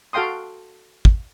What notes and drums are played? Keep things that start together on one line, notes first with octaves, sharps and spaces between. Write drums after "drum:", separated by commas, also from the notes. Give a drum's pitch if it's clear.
F#4 A4 F5 G5 C6 D#6
drum: kick